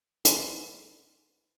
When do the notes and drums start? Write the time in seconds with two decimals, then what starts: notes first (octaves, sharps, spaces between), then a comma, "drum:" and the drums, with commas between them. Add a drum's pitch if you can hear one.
0.25 G#4 B4 C5, drum: hi-hat